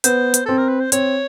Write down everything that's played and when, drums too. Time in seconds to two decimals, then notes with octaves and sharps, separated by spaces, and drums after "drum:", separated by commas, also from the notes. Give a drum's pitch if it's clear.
0.04 B3 C5, drum: hi-hat
0.34 drum: hi-hat
0.45 C4 A4
0.58 A#4
0.69 B4
0.80 C5
0.92 C4 C#5, drum: hi-hat